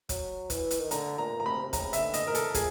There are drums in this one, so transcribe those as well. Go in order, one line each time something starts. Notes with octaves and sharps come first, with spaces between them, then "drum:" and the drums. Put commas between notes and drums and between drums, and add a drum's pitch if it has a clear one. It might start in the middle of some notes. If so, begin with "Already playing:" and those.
F#3, drum: kick, hi-hat
E3, drum: kick, hi-hat
drum: hi-hat
D#3
D3 A#5, drum: hi-hat
A#2 A#5
A#5
C3 B5
C3
C#3 A#5, drum: kick, hi-hat
E5, drum: hi-hat
D3
D#5, drum: hi-hat
D#3 A#4
A4, drum: hi-hat
F3 G#4, drum: kick, hi-hat